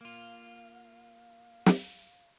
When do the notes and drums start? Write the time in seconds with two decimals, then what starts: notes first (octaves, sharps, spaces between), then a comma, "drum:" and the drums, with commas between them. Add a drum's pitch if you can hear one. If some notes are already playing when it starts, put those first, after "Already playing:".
0.01 A#3 F4 F5
1.66 drum: snare